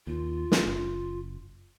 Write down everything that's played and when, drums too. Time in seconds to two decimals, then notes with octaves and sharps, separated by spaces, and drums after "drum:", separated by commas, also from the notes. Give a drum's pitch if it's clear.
0.07 D#2 F4
0.52 drum: snare
0.66 F#1